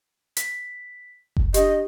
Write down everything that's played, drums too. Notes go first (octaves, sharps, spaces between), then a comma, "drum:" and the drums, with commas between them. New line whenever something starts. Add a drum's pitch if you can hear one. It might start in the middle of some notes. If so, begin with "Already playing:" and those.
B6, drum: hi-hat
drum: kick F#1
D4 G4 D#5, drum: hi-hat